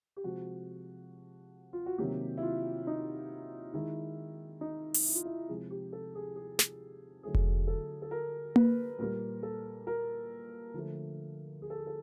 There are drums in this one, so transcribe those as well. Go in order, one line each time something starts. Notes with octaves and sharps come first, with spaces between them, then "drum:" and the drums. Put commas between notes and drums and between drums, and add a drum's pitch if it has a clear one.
G4
C3 F3 G#3 F#4
F4
F#4
C3 D#3 F#3 A#3 G4
E4
F4
D#4
D#3 G#3 E4
D#4
drum: open hi-hat
E4
F4
E4
C3 F3 G#3 G#4
G4
A4
G#4
G#4
drum: snare
D3 F#3 A3 G#4
drum: kick F1
A4
A4
A#4
B4, drum: tom A#3
A#2 G3 A#3 A#4
A4
A#4
D3 F3 A3
G#4
A4
G#4
A4